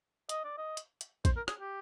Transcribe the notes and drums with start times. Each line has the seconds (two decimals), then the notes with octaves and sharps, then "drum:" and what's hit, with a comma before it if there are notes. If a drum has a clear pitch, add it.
0.29 D#5, drum: hi-hat
0.44 D5
0.57 D#5
0.77 drum: hi-hat
1.01 drum: hi-hat
1.25 C5, drum: kick, hi-hat
1.37 A#4
1.48 G#4, drum: rim click
1.60 G4